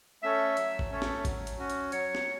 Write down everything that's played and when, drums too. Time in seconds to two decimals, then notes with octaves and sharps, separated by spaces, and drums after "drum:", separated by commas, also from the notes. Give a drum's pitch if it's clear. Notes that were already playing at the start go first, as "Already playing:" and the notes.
0.23 A3 C#4 A4 C#5 E5
0.57 F#3, drum: hi-hat
0.79 drum: kick A1
0.90 A3 C#4 A4 C#5
1.02 drum: snare
1.25 F#3, drum: kick A1, hi-hat
1.47 drum: hi-hat
1.59 C#4 F#4
1.70 drum: hi-hat
1.92 F#3 C#5, drum: hi-hat
2.15 drum: snare